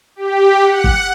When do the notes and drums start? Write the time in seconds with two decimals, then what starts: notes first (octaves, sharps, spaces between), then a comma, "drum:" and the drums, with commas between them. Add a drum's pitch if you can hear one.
0.16 G4
0.64 F#5
0.84 drum: kick